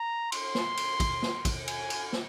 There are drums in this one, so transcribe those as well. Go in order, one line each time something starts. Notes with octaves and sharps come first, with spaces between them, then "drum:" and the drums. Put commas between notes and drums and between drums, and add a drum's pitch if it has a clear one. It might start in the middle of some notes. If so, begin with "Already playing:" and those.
Already playing: A#5
C6, drum: cymbal
drum: snare
drum: cymbal
drum: kick, cymbal
drum: snare
drum: kick, cymbal
G#5, drum: cymbal
drum: cymbal
drum: snare